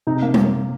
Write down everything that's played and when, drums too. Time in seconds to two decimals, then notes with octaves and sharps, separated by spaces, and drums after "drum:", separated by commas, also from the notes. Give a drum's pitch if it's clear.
0.07 C3 D#4
0.22 A#3
0.34 drum: tom G3